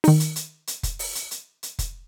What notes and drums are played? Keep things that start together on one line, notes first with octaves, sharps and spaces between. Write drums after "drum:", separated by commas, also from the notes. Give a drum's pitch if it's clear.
D#3 D#4, drum: open hi-hat
drum: hi-hat
drum: hi-hat
drum: hi-hat
drum: kick, hi-hat
drum: open hi-hat
drum: hi-hat
drum: hi-hat
drum: hi-hat
drum: kick, hi-hat